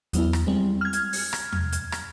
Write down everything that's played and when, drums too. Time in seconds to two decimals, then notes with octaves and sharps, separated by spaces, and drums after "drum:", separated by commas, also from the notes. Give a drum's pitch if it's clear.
0.13 E2 F#3 B3 E4, drum: hi-hat
0.33 drum: rim click
0.47 G3 G#3 C4
0.81 F6 G#6
0.93 drum: hi-hat
1.13 drum: open hi-hat
1.33 drum: rim click
1.52 drum: tom E2
1.72 drum: hi-hat
1.92 drum: rim click